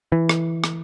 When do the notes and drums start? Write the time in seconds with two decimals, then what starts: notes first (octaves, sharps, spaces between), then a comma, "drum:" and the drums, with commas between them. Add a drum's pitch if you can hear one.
0.12 E3
0.29 drum: rim click
0.64 drum: rim click